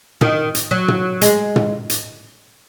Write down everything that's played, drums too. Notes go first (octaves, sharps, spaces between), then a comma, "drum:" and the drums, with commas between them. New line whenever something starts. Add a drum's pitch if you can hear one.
D#3, drum: tom
drum: hi-hat
F#3
drum: tom
G#3, drum: hi-hat
drum: tom
drum: hi-hat